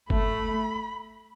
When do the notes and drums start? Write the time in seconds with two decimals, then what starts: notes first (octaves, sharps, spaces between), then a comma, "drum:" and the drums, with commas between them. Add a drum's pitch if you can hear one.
0.10 A3 B5, drum: kick G1